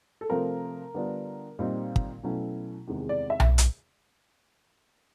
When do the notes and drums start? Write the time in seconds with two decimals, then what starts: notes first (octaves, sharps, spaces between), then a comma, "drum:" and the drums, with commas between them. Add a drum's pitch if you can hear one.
0.21 A4
0.29 C3 F3 A3 C4 A#4
0.94 D3 G3 B3 D4 F4
1.59 A#2 G3 C4 D#4
1.96 drum: kick
2.24 B2 F#3 A3 C#4 E4
2.88 E2 C3 D#3 G#3
3.09 D5
3.30 E5
3.40 drum: tom B1
3.58 drum: hi-hat